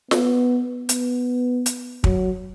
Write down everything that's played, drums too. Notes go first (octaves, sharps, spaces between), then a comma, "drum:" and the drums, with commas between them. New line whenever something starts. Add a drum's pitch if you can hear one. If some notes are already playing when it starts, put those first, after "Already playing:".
B3, drum: snare
B3, drum: hi-hat
drum: hi-hat
F#3, drum: kick